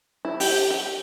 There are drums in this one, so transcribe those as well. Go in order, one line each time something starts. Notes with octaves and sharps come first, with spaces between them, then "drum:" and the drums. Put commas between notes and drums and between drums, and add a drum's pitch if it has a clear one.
E4
G4, drum: open hi-hat
G4